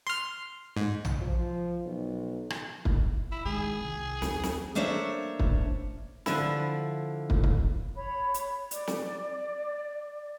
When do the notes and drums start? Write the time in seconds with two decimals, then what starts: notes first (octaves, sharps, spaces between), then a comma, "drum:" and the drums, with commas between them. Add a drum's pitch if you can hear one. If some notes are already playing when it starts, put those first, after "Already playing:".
0.07 C6 F6
0.77 G#2
1.05 drum: tom A#1
1.21 F3
1.86 B1
2.50 drum: rim click
2.85 drum: kick
3.32 E4
3.45 D#3 G#3 G#4
3.80 C2
4.22 D#2, drum: snare
4.43 drum: snare
4.75 A3 A#3 D4 C5 C#5 E5
5.39 drum: kick
6.26 D3 F3 E4, drum: snare
7.30 drum: kick
7.44 drum: kick
7.95 C#5 B5
8.34 drum: hi-hat
8.71 D5, drum: hi-hat
8.87 drum: snare